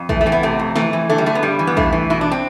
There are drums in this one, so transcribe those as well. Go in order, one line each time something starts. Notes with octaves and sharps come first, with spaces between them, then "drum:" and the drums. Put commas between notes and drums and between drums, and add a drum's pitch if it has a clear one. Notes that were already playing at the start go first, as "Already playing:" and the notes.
Already playing: F2
E3 A3, drum: kick
A3
E3 C4
B3
C3 A3
F2
E3 A3, drum: snare
E3
D3 A3
G3
D3 A3
B3
G2 G3
E3
B3
G2 A3, drum: kick
E3
B2 E4
D4
C4